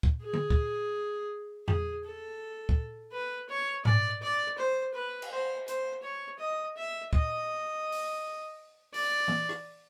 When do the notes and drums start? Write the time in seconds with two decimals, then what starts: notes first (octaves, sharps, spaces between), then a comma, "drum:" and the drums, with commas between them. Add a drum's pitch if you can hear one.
0.03 drum: kick
0.23 G#4
0.33 drum: tom D3
0.50 drum: kick
1.68 G#4, drum: tom E2
2.04 A4
2.69 drum: kick
3.13 B4
3.49 C#5
3.85 D5, drum: tom G#2
4.23 D5
4.58 C5
4.94 B4
5.22 drum: cymbal
5.31 C5
5.68 C5, drum: hi-hat
6.03 C#5
6.39 D#5
6.77 E5
7.13 D#5, drum: kick
7.92 drum: open hi-hat
8.94 D5, drum: open hi-hat
9.28 drum: tom E3
9.49 drum: rim click